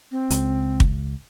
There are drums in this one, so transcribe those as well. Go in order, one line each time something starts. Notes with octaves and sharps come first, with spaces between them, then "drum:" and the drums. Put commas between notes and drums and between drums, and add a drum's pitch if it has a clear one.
C4
C#2, drum: hi-hat
drum: kick